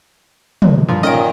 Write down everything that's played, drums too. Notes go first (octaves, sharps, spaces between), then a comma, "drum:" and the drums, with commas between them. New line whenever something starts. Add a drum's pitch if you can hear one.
drum: tom
G2 A#2 F3
A#2 D#3 A#3 C#4 D#5 F6 A#6 D7